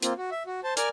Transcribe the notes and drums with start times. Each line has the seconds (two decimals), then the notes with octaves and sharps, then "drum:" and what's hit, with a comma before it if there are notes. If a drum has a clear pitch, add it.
0.02 A#3 C4 F4, drum: hi-hat
0.18 F#4
0.31 E5
0.47 F#4
0.64 C5 A5
0.77 A#4 D5 G#5 F6, drum: hi-hat